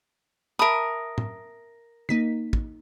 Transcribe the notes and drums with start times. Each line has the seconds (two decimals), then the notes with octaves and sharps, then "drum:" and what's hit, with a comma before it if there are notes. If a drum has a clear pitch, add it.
0.59 A#4 E5 A5 B5 D#6
1.18 drum: tom
2.09 A#3 D#4 B6, drum: tom
2.53 drum: kick